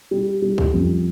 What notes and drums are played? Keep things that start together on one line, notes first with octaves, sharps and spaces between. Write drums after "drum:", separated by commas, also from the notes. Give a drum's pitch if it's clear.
G3
G3
drum: kick
F2